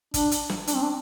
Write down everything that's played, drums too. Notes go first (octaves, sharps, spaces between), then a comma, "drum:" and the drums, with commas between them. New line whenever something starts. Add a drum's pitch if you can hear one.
D4, drum: kick, hi-hat
drum: hi-hat
drum: snare
D4, drum: hi-hat
C4
D4